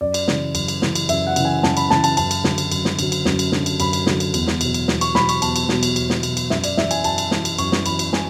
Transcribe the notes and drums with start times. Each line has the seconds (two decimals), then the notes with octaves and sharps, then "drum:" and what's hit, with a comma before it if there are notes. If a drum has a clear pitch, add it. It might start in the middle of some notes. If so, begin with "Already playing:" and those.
0.01 F#2 D5
0.14 drum: cymbal
0.28 C#3 E3, drum: snare
0.55 F#2, drum: cymbal
0.68 drum: cymbal
0.82 C#3 E3, drum: snare
0.95 drum: cymbal
1.09 F#2 E5, drum: cymbal
1.27 F#5
1.36 C#3 E3, drum: cymbal
1.45 G#5
1.63 F#2 A5, drum: snare
1.77 B5, drum: cymbal
1.90 C#3 E3 A5, drum: snare
2.04 A5, drum: cymbal
2.17 F#2 A5, drum: cymbal
2.31 drum: cymbal
2.44 D3 F#3, drum: snare
2.58 drum: cymbal
2.72 F#2, drum: cymbal
2.85 drum: snare
2.99 D3 F#3, drum: cymbal
3.12 drum: cymbal
3.25 F#2, drum: snare
3.39 drum: cymbal
3.52 D3 F#3, drum: snare
3.66 drum: cymbal
3.80 F#2 B5, drum: cymbal
3.93 drum: cymbal
4.06 D3 F#3, drum: snare
4.20 drum: cymbal
4.34 E2, drum: cymbal
4.47 drum: snare
4.61 B2 F#3, drum: cymbal
4.74 drum: cymbal
4.88 E2, drum: snare
5.01 C#6, drum: cymbal
5.15 B2 F#3 B5, drum: snare
5.29 C#6, drum: cymbal
5.42 E2 A5, drum: cymbal
5.56 drum: cymbal
5.69 B2 F#3, drum: snare
5.83 drum: cymbal
5.96 E2, drum: cymbal
6.10 drum: snare
6.23 B2 F#3, drum: cymbal
6.37 drum: cymbal
6.50 F#2 E5, drum: snare
6.64 D5, drum: cymbal
6.77 E3 E5, drum: snare
6.91 G#5, drum: cymbal
7.04 F#2 A5, drum: cymbal
7.18 drum: cymbal
7.31 E3, drum: snare
7.45 drum: cymbal
7.58 F#2 C#6, drum: cymbal
7.72 drum: snare
7.86 E3 B5, drum: cymbal
7.99 drum: cymbal
8.13 G#5, drum: snare